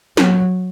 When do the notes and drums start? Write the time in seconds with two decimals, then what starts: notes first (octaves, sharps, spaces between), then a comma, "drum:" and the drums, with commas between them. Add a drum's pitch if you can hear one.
0.17 F#3, drum: snare